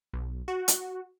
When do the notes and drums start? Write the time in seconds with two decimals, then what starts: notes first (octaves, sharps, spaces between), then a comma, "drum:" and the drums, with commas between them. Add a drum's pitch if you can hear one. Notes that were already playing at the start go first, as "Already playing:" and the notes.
0.13 B1
0.48 F#4
0.68 drum: hi-hat